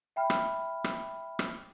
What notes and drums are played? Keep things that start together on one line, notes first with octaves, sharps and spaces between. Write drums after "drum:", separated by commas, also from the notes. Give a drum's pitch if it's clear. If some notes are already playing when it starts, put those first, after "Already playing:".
E5 G5 B5 F6
drum: rim click
drum: rim click
drum: rim click